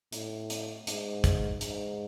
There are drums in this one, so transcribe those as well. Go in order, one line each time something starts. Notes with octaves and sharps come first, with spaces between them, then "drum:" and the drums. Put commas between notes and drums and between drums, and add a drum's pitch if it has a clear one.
A2, drum: hi-hat
drum: hi-hat
G#2, drum: hi-hat
drum: kick, hi-hat
G#2, drum: hi-hat